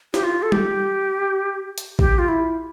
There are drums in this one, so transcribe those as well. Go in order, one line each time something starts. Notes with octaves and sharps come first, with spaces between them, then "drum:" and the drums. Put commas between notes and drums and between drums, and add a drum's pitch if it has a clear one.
G4, drum: snare
F4
A4
G4, drum: tom G3
drum: hi-hat
G4, drum: kick A1
F4
E4